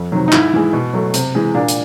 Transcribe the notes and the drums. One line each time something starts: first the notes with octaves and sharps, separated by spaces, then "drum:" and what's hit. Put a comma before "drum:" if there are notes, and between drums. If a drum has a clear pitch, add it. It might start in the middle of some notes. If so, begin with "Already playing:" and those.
Already playing: F2
C3 D#3 F#3
D#4
G#2 E4, drum: clap
E3 G#3
B2
F#3 A3
C3, drum: hi-hat
E3 G#3
A#2 D4
drum: hi-hat